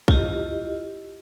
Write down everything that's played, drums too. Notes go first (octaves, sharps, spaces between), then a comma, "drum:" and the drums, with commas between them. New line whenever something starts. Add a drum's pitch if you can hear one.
E4 F4 G4 D#5, drum: kick